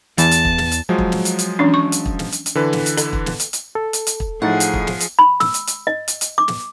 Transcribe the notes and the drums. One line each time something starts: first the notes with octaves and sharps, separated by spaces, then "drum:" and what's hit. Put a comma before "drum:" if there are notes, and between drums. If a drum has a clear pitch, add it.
E2 A5, drum: hi-hat
drum: hi-hat
drum: kick
drum: snare
drum: hi-hat
F3 F#3 G#3
drum: kick
drum: snare
drum: hi-hat
drum: hi-hat
E3 C#4 D4
C#6
drum: hi-hat
drum: kick
drum: snare
drum: hi-hat
drum: hi-hat
D3 E3 B4
drum: snare
drum: hi-hat
A4, drum: hi-hat
drum: kick
drum: snare
drum: hi-hat
drum: hi-hat
A4
drum: hi-hat
drum: hi-hat
drum: kick
A2 F3 D#4 G#4 F#5 A6
drum: hi-hat
drum: kick
drum: snare
drum: hi-hat
B5
E6, drum: snare
drum: hi-hat
drum: hi-hat
D#5
drum: hi-hat
drum: hi-hat
D6
drum: snare